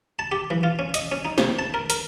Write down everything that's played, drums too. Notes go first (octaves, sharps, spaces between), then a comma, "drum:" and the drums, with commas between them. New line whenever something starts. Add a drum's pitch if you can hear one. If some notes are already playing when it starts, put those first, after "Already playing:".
A5
G4
E3
F4
C#4
D#5, drum: hi-hat
C#4
D#4
C3, drum: snare
A5
A#4
A#4, drum: hi-hat